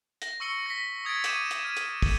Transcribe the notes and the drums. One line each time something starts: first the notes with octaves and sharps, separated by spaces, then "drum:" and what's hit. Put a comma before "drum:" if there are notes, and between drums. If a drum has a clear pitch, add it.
A#6, drum: hi-hat
C#6 E6 C#7 G7
A#6 B6
D#6 G#6 A6 D7
C#6 D6 G6 G#6 D#7 E7, drum: hi-hat
drum: hi-hat
F6 D#7
drum: hi-hat
drum: kick, open hi-hat